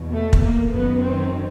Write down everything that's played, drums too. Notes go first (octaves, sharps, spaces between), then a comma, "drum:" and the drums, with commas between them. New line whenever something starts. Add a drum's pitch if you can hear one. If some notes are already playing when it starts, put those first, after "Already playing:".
Already playing: E2 B2
A3
drum: kick
A#3
F#2 D#3 B3
C4